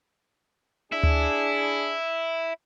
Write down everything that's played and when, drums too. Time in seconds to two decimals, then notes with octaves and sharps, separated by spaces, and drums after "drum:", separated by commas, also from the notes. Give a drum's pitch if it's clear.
0.92 D4 E4 G#4
1.03 drum: tom D2